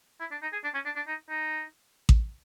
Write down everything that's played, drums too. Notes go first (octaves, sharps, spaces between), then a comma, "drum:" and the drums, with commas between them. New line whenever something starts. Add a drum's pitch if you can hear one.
E4
D4
D#4
G#4
D4
C#4
D4
D4
D#4
D#4
drum: kick A1